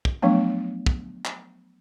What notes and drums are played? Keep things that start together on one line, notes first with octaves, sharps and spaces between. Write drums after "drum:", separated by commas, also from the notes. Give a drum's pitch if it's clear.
drum: kick
F3 F#3 A3 B3 D4
drum: kick
drum: clap